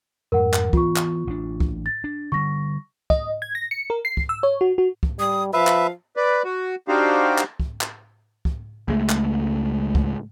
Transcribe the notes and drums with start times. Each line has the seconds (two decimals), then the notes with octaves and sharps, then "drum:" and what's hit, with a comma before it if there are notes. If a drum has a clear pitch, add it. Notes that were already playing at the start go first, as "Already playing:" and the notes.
0.32 F2 G#2 A#4 F#5
0.53 drum: clap
0.73 E3 B3 F4 C#6, drum: kick
0.96 drum: clap
1.27 A1 D4
1.60 drum: kick
1.86 A6
2.04 D4
2.32 D3 G3 C#6 A#6
3.10 D#5, drum: kick
3.42 G#6
3.55 A#6
3.71 C#7
3.90 A#4
4.05 C7
4.17 drum: kick
4.29 E6
4.43 C#5
4.61 F#4
4.78 F#4
5.03 drum: kick
5.19 G3 D#6
5.53 F3 B4 E5 F5
5.67 drum: clap
6.17 B4 D5
6.44 F#4
6.88 D4 D#4 F#4 G4 C5 F5
7.38 drum: clap
7.60 drum: kick
7.81 drum: clap
8.45 drum: kick
8.88 C#2 G#3 A3
9.09 drum: clap
9.95 drum: kick